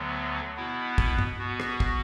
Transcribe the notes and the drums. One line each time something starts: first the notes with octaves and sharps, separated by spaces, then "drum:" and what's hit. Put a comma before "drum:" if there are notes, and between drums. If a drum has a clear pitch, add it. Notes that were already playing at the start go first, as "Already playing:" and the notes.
Already playing: D2 D3 F#3 B3
B2 B3 E4
drum: kick
drum: tom G2
B2 B3 F#4
drum: rim click
drum: kick